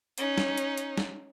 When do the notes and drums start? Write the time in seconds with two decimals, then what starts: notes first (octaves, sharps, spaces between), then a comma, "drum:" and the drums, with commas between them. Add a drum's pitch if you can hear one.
0.18 C#4 D#4, drum: hi-hat
0.38 drum: snare
0.58 drum: hi-hat
0.78 drum: hi-hat
0.98 drum: snare